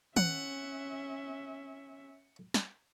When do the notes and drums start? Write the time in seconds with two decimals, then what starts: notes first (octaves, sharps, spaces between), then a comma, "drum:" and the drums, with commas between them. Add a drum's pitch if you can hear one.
0.17 C#4 E5 F#5, drum: tom
2.54 drum: snare